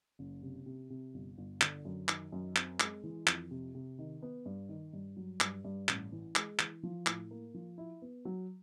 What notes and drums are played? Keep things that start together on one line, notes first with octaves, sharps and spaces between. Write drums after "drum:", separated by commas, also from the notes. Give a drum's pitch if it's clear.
F#1
C3
C3
C3
G1
G1
D3, drum: clap
F#2
D#3, drum: clap
F#2
C4, drum: clap
G#3, drum: clap
E3
F2, drum: clap
C3
C3
D#3
B3
G2
D#3
G2
F#3
G2, drum: clap
G2
A1, drum: clap
E3
G#3, drum: clap
E3, drum: clap
F3
A2, drum: clap
A#3
F3
E4
B3
F#3